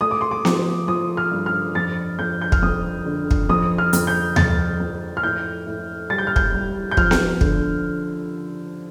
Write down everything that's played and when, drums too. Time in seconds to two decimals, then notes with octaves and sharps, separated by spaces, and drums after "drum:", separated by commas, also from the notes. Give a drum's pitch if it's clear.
0.01 A3 D#6
0.11 D6
0.21 C6
0.31 D6
0.45 F3, drum: snare B3
0.88 F3 D#6
1.17 F6
1.32 G2
1.46 F6
1.75 F2 A6
2.19 F2 G6
2.41 G6
2.52 F6, drum: kick
2.62 F2 D#6
3.06 D3
3.31 drum: kick
3.49 F2 D#6
3.78 F6
3.93 F2, drum: hi-hat
4.07 G6
4.36 F2 A6, drum: tom D#2
4.80 F2
5.17 F6
5.23 A2 G6
5.67 A2
6.10 G3 A6
6.18 G6
6.27 F6
6.36 G6, drum: kick
6.54 G3
6.91 G6
6.97 F3 F6, drum: kick
7.11 drum: snare B3
7.41 D3, drum: kick